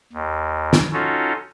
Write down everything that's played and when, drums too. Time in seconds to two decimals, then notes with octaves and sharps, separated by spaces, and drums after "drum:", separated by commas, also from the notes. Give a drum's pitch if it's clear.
0.13 D#2
0.73 drum: snare
0.93 C#4 D#4 F4 F#4 A4